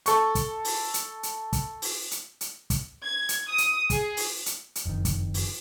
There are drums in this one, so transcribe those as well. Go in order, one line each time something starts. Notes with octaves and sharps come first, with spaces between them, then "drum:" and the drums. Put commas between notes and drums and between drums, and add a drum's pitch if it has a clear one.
A4 C#6, drum: hi-hat
drum: kick, hi-hat
drum: open hi-hat
drum: hi-hat
drum: hi-hat
drum: kick, hi-hat
drum: open hi-hat
drum: hi-hat
drum: hi-hat
drum: kick, hi-hat
G#6
drum: hi-hat
D#6
drum: hi-hat
G#4, drum: kick, hi-hat
drum: open hi-hat
drum: hi-hat
drum: hi-hat
F#1 F2 G#2 D#3
drum: kick, hi-hat
drum: open hi-hat